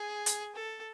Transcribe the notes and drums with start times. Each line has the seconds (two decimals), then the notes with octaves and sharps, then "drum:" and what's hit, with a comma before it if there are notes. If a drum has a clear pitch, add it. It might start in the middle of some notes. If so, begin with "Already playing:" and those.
Already playing: G#4
0.26 drum: hi-hat
0.55 A4